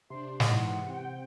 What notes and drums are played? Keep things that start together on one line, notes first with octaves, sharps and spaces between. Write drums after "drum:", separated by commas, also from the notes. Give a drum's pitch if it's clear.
C3 D4 C5 C6
G#2 E3 F#5, drum: snare
C4 G5